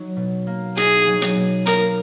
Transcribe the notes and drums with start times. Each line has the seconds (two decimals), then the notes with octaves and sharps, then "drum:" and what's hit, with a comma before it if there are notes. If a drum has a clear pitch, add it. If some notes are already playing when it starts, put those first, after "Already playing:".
Already playing: F#3 D#4
0.16 B2
0.47 A#3
0.77 D#4 G#4, drum: hi-hat
1.07 F#3
1.22 drum: hi-hat
1.37 B2
1.66 A#3 A#4, drum: hi-hat